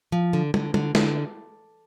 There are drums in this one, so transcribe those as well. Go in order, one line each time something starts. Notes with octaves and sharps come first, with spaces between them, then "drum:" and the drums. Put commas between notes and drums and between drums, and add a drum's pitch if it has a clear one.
F3
D3
D3, drum: tom
D3, drum: tom
D3, drum: snare